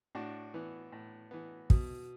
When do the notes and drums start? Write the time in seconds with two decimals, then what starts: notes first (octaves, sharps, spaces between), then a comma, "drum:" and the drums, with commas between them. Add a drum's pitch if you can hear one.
0.15 A2 D4 F#4
0.54 E3 B3
0.92 A2
1.31 E3 B3
1.70 B2, drum: kick